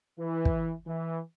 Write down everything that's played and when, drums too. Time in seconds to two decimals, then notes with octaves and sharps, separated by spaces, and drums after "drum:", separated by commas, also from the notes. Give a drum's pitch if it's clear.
0.19 E3
0.45 drum: kick
0.86 E3